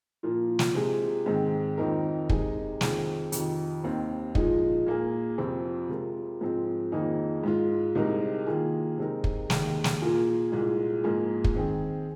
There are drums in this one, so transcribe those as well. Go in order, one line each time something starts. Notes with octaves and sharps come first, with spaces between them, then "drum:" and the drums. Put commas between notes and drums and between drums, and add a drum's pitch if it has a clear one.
A#2 F3 A#3 F4
drum: snare
C3 G#3 F4 G#4
G#2 D#3 G#3 C4
F2 D#3 C4 D#4 A#4
C3 G#3 D#4 G#4, drum: kick
F2 D#3 G#3 C4 G#4, drum: snare
F2 C3 D#3, drum: hi-hat
D#2 D#3 C4
A#2 F3 G#3 D#4, drum: kick
A#2 A#3 G#4
F2 C3 F3 C4 F4
C3 G#3 F4 A#4
G#2 F3 G#3 C4
F2 D#3 A#3 D#4 G#4
G#2 G#3 F4
C2 C3 G#3 D#4 A#4
D#3 A#3 F4 G#4
C3 G#3 C4 D#4 A#4
drum: kick
D#2 D#3 G#3, drum: snare
drum: snare
A#2 A#3 F4 G#4
C2 A#2 G#3
G#2 F3 A#3 F4 G#4
drum: kick
D#3 C4 G#4